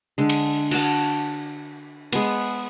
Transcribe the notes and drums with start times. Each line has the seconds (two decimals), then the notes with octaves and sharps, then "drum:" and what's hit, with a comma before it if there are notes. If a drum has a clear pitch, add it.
0.18 D3 G#3
0.29 drum: cymbal
0.71 F#4 A5, drum: cymbal
2.12 G#3 B3, drum: cymbal